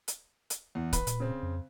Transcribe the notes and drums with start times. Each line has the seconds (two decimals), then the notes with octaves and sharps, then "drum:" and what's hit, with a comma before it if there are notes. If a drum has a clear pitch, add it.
0.08 drum: hi-hat
0.50 drum: hi-hat
0.75 E2
0.93 F#1 B4, drum: kick C#1, hi-hat
1.07 A#2, drum: hi-hat
1.20 C#3 C4
1.43 F2